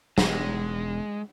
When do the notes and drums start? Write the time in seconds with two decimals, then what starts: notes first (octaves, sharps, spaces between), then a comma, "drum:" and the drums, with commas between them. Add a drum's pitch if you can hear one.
0.18 E1 E2 G#3, drum: snare